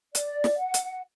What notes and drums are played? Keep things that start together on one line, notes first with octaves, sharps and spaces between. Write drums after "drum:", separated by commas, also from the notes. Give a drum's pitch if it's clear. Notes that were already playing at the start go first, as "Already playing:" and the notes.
D5, drum: hi-hat
drum: snare
F#5
drum: hi-hat